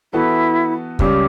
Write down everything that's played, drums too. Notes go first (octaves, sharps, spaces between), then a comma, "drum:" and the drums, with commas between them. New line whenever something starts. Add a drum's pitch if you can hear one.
E3 B3 E4 F#4 A4
C#2 C#3 G3 C#4 G4, drum: kick